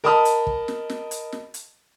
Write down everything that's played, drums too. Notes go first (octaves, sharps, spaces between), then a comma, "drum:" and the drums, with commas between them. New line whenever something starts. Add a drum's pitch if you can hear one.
A#4 D#5 A5 B5 D#6 F6
drum: hi-hat
drum: kick
drum: snare
drum: snare
drum: hi-hat
drum: snare
drum: hi-hat